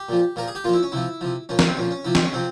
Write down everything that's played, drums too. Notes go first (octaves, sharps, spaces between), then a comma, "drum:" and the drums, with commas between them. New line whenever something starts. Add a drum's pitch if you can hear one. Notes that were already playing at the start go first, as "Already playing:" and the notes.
Already playing: G4
A#2 F3
A#2 F3 A#4
G#4
G4
A#2 F3 F4
E4
C#4
C3 F3 E4
C3 F3
A#2 F3 C#4
A#3, drum: snare
C4
A#2 F3 C#4
C#4
C3 F3 E4
C4, drum: snare
C#4
C3 F3 C4